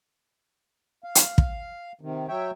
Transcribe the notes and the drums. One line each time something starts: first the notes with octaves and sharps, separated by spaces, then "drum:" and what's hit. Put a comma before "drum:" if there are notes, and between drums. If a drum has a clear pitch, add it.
F5
drum: hi-hat
drum: kick
C3 D#3
F#3 C#5 E5 G5